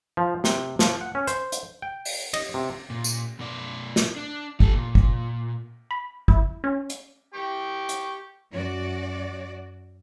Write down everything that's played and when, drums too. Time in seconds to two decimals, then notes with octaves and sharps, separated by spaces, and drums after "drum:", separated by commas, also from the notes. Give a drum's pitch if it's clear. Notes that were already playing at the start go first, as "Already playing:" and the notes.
0.17 F3
0.44 C3, drum: snare
0.79 F3, drum: snare
1.01 F#5
1.15 C#4
1.27 C5, drum: hi-hat
1.52 drum: hi-hat
1.82 G5
2.05 drum: open hi-hat
2.34 D#5, drum: cymbal
2.54 C3
2.90 A#2
3.04 drum: tambourine
3.39 B2 D5
3.96 drum: snare
4.16 D4
4.60 G4 A4, drum: kick
4.72 A#2
4.95 drum: kick
5.91 B5
6.28 E4, drum: kick
6.64 C#4
6.90 drum: hi-hat
7.34 G4 G5 C#6
7.89 drum: hi-hat
8.51 F#2 F#4 D5